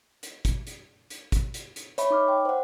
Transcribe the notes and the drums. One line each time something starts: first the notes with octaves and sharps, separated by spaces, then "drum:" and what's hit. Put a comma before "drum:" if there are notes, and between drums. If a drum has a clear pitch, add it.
drum: hi-hat
drum: kick, hi-hat
drum: hi-hat
drum: hi-hat
drum: kick, hi-hat
drum: hi-hat
drum: hi-hat
C#5 E5 B5, drum: hi-hat
D#4 D6 F6
G5
C5 F#5